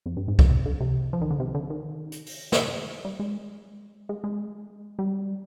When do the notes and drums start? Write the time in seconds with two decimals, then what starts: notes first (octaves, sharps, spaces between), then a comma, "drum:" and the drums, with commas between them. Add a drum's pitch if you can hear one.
0.06 F2
0.17 G2
0.28 G#2
0.39 A#2, drum: kick C2
0.49 C3
0.66 D3
0.80 C3
1.13 F3
1.21 D#3
1.30 D3
1.40 C3
1.54 D3
1.70 D#3
2.12 drum: hi-hat
2.26 drum: open hi-hat
2.52 drum: snare
3.05 G3
3.19 G#3
4.09 G#3
4.24 G#3
4.99 G3